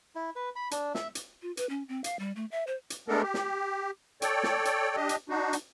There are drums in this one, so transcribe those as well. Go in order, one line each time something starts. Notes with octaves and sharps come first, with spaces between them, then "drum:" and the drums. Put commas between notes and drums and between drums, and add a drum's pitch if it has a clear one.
E4
B4
B5
D4, drum: hi-hat
E5, drum: snare
drum: hi-hat
F4
B4, drum: hi-hat
C#4
C4
F5, drum: hi-hat
G3
A3
E5
C5
drum: hi-hat
G#3 A3 B3 D4 A4 A#4
G4
drum: snare
A4 C#5 D5 G5, drum: hi-hat
drum: snare
drum: hi-hat
D4 G4 D#5
drum: hi-hat
D4 D#4 F#4
drum: hi-hat